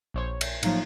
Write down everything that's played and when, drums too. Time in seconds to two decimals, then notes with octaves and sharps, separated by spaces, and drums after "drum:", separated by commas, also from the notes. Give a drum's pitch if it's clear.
0.14 A#1 C5 C#5
0.41 drum: cymbal
0.63 A2 F3 F#3 A#3 D#4, drum: cymbal